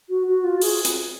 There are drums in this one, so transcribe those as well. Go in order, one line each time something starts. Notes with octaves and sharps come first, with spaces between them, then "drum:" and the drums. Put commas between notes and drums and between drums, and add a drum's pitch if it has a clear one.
F#4
F#4
F4
G#4, drum: open hi-hat
drum: hi-hat